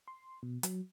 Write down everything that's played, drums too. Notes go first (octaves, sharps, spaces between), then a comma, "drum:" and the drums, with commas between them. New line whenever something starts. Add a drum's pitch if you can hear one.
C6
B2
F#3, drum: hi-hat